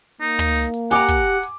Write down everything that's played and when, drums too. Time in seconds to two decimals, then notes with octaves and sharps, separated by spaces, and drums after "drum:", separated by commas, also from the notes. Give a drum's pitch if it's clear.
0.21 A#3 D#4
0.39 drum: tom
0.74 drum: hi-hat
0.91 G4 F#5 G#5 A#5 D6
1.08 drum: kick, open hi-hat
1.43 drum: hi-hat